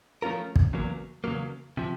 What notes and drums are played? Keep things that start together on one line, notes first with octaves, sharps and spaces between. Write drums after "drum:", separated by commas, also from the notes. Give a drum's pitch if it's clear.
F3 A3 C#4 F4 A#4
drum: kick
E2 C#3 F#3 A#3
E2 C#3 F#3 A#3
C3 F3